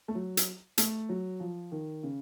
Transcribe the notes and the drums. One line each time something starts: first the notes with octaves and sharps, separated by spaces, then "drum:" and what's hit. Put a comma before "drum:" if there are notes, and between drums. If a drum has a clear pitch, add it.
A3
F#3
drum: hi-hat
A3, drum: hi-hat
F#3
F3
D#3
C#3